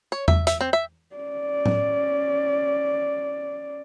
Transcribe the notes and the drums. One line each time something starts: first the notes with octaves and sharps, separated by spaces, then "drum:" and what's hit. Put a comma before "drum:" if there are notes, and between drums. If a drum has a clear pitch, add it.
C#5
E5, drum: tom E2
E5, drum: hi-hat
C4
E5
C#4 D5
drum: tom A2